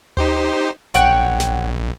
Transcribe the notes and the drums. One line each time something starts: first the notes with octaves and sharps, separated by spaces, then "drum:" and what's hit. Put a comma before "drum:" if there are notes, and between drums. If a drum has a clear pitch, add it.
D#4 G4 C5, drum: tom D2
A#1 C#5 F#5 G5, drum: hi-hat
drum: snare